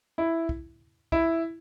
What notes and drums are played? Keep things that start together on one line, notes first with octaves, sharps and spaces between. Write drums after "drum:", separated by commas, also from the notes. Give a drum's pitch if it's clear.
E4
drum: kick
E4, drum: kick